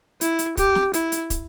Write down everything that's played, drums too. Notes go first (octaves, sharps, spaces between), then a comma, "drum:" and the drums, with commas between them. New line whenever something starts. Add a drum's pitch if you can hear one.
E4, drum: hi-hat
drum: hi-hat
G4, drum: kick, hi-hat
drum: snare
E4, drum: hi-hat
drum: hi-hat
drum: kick, hi-hat